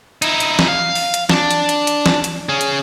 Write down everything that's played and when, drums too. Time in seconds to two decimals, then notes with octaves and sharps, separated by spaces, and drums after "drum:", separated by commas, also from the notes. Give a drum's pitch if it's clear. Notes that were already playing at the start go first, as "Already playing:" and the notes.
0.22 D#4 E4, drum: hi-hat
0.40 drum: hi-hat
0.59 drum: snare
0.68 F5
0.95 drum: open hi-hat
1.14 drum: hi-hat
1.29 D4, drum: snare
1.51 drum: hi-hat
1.69 drum: hi-hat
1.87 drum: hi-hat
2.06 drum: snare
2.24 drum: hi-hat
2.49 C#4 G#4
2.61 drum: hi-hat